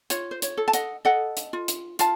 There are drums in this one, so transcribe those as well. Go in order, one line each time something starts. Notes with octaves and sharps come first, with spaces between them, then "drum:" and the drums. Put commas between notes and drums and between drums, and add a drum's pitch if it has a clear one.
F4 C#5, drum: hi-hat
C5
C#5, drum: hi-hat
A4
A5
D#5 F#5, drum: hi-hat
A4 D#5 F#5
drum: hi-hat
F4
drum: hi-hat
F4 F5 A5, drum: hi-hat